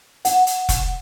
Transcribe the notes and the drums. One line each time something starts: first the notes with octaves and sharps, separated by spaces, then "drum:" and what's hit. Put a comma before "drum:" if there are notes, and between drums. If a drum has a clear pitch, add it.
F#5, drum: hi-hat
drum: hi-hat
drum: kick E1, hi-hat